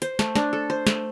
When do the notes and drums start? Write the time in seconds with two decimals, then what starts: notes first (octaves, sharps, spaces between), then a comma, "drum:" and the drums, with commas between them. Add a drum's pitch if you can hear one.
0.02 C5, drum: hi-hat
0.19 A3, drum: snare
0.36 D4, drum: snare
0.53 A4
0.70 C5
0.87 A3, drum: snare